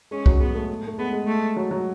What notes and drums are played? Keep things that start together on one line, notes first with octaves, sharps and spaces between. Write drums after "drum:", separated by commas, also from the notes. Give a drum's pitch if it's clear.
G#3 C#4
F#3, drum: kick C2
G#3 B3
A3
A3
G#3 B3
G#3
A3
F#3
F#3